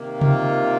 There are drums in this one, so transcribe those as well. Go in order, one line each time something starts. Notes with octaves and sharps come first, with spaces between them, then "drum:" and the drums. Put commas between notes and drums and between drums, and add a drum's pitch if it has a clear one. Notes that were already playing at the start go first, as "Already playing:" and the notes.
Already playing: C3 D#3 A#3
F4, drum: tom C3